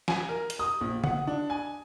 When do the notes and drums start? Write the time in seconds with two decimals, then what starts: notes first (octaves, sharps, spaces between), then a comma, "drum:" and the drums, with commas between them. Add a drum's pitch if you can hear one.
0.08 G#5, drum: snare
0.29 A#4
0.50 drum: hi-hat
0.59 D#6
0.81 A#1
1.04 F#5, drum: tom C#3
1.27 D4
1.50 G#5